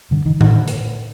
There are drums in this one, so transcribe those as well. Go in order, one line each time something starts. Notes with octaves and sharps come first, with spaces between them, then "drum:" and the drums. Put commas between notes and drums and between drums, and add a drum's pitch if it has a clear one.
G2 D3
D#3
D3 D#3, drum: tom A2
drum: hi-hat